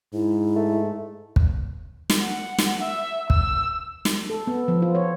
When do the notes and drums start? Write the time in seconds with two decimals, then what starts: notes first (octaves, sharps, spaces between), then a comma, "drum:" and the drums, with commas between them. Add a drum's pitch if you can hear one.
0.14 G#2 E4
0.56 A3
1.36 drum: kick
2.10 drum: snare
2.22 F#5
2.58 drum: snare
2.82 E5
3.30 E6, drum: kick
4.05 drum: snare
4.30 A4
4.47 B3
4.68 F3
4.82 F4
4.95 C#5